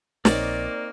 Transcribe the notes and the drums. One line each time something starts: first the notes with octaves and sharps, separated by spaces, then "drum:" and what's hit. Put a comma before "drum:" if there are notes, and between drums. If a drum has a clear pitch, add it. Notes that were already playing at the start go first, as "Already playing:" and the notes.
A#1 A#3 C4 D#4 C#5 D5, drum: snare